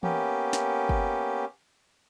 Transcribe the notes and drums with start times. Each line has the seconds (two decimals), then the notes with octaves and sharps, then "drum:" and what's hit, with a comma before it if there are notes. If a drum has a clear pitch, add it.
0.03 A#3 B3 C#4 G4, drum: tom E3
0.53 drum: snare
0.89 drum: kick